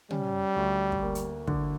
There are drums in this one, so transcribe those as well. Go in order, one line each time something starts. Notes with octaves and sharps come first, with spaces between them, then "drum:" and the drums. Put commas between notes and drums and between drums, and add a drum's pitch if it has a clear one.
G3 C#4, drum: tom
D2
drum: kick
A#3
drum: hi-hat
D3, drum: kick